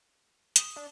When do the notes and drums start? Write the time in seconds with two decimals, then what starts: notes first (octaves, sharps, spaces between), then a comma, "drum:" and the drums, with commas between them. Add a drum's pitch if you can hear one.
0.56 D#6, drum: hi-hat
0.76 D4